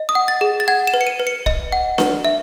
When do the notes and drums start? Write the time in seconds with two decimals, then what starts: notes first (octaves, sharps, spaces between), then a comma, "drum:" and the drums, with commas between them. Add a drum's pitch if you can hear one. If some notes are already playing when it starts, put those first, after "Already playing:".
Already playing: D#5
0.09 D#6
0.15 F#5
0.28 A6
0.41 G#4
0.60 A6
0.68 F#5 G#6
0.87 E7
0.94 B4
1.01 C#7
1.07 D#7
1.20 B4
1.27 C#7
1.46 D#5, drum: kick
1.72 F#5
1.98 B4, drum: snare D4
2.25 E5